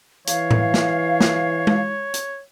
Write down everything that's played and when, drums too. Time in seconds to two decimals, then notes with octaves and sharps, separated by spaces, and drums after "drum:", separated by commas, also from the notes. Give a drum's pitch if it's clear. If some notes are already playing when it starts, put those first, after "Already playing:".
0.27 E3 C#5 F5, drum: hi-hat
0.51 drum: tom A2
0.74 drum: snare
1.20 drum: snare
1.67 drum: tom G#3
2.14 drum: hi-hat